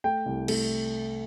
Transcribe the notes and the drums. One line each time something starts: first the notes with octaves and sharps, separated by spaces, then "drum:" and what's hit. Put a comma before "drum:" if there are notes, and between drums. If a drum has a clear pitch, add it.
A3 G5
C2
A3, drum: cymbal